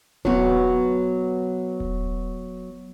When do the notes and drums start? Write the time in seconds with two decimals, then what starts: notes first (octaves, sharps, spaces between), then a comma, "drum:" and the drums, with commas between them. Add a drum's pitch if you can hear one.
0.25 F#3 B3 F#4 C#5, drum: kick D#1
1.80 drum: kick D#1